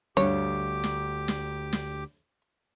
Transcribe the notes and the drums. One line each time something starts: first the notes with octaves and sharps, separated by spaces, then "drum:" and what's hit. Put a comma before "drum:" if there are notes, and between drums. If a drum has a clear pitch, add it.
D2 G2 D3 G4 C#5 D6
drum: snare
drum: snare
drum: snare